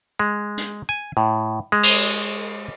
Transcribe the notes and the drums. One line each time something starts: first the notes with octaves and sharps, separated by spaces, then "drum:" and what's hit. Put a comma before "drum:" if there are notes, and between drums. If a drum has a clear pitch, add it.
G#3
drum: hi-hat
G#5
A2
G#3
drum: cymbal